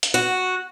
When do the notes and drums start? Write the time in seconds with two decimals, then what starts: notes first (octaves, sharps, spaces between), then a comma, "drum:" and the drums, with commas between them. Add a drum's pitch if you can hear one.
0.03 drum: hi-hat
0.14 F#4